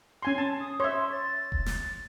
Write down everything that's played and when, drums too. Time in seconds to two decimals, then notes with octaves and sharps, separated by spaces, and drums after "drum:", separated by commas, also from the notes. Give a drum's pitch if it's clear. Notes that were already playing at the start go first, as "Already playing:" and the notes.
0.22 C#4 G#5 C6
0.38 A5
0.60 D#6
0.80 C#5 E5 C6
1.12 A6
1.52 drum: kick E1
1.66 drum: snare